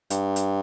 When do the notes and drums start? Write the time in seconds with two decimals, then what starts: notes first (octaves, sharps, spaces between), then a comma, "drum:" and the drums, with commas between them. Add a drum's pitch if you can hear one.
0.10 G2, drum: hi-hat
0.36 drum: hi-hat